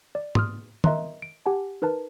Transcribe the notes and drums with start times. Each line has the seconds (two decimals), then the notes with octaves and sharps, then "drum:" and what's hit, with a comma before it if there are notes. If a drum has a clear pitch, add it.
0.15 D5
0.35 C6 D#6 F6, drum: tom
0.84 A#4 D#5 E5 A#5 C6 F#6, drum: tom
1.22 D7
1.46 G4 F#5 G#5 A5
1.82 D#4 A#4 B4 A5